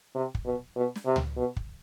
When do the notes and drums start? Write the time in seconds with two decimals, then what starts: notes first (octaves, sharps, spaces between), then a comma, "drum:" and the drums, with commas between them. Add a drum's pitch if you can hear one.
0.15 C3
0.35 drum: kick
0.45 B2
0.76 B2
0.96 drum: snare
1.06 C3
1.16 drum: tom C#2
1.36 B2
1.56 drum: kick